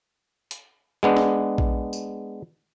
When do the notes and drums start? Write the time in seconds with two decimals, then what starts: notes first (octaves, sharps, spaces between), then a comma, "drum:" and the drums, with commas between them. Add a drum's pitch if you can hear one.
0.51 drum: hi-hat
1.03 G#3 B3 D4
1.17 drum: snare
1.58 drum: kick A#1
1.93 drum: tambourine